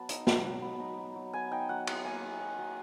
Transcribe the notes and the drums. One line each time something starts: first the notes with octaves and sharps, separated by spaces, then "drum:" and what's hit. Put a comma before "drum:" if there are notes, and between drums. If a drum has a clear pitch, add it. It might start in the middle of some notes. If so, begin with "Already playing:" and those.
Already playing: F#3 B3 A5
D#4, drum: hi-hat
F#3, drum: snare
F#3
B3
D#4
F#3
F#3
B3 G#5
D#4 G5
F#3 F#5
F#3 F#5, drum: cymbal
A#3 G#5
D#4
F#3
F#3